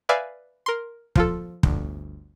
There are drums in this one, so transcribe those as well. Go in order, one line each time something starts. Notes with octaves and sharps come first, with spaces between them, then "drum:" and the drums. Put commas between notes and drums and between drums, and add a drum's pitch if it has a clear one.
B4 D5 E5 F5 G#5
A#4 C6
F3 F4 A4, drum: kick
G1 D2, drum: kick